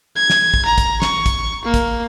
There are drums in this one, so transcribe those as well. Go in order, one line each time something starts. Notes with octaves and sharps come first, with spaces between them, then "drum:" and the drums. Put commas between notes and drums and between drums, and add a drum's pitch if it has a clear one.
G#6
drum: snare
drum: kick
A#5
drum: kick, hi-hat
C#6, drum: snare
drum: kick, hi-hat
A#3
drum: kick, hi-hat